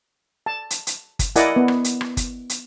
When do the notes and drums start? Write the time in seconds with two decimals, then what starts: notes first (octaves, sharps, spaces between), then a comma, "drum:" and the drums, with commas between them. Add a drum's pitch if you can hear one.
0.46 A5
0.70 drum: hi-hat
0.87 drum: hi-hat
1.19 drum: kick G1, hi-hat
1.36 E4 A#4 D5 D#5 F#5 G#5, drum: hi-hat
1.56 B3
1.68 drum: rim click
1.84 drum: hi-hat
2.01 drum: rim click
2.17 drum: kick G1, hi-hat
2.50 drum: hi-hat